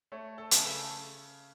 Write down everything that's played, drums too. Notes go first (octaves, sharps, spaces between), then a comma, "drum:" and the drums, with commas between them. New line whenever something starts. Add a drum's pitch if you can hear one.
A3 C#5
A4
C#3 G#4, drum: hi-hat
A4